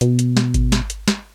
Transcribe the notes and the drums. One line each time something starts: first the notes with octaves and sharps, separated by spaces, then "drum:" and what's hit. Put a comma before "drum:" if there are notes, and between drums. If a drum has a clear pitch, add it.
B2, drum: hi-hat
drum: hi-hat
drum: snare
drum: kick G#1, hi-hat
drum: snare
drum: hi-hat
drum: snare